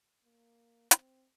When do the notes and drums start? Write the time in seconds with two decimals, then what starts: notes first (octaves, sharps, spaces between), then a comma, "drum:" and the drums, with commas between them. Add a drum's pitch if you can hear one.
0.24 A#3
0.91 C4, drum: hi-hat